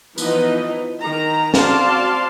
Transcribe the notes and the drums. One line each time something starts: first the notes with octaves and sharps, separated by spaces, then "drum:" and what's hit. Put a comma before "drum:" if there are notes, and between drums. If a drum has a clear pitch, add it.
E3 F3 B3 D#4 B4 D#5, drum: tambourine
D#3 A#5
C4 F#4 D5 F5 A5 C6, drum: snare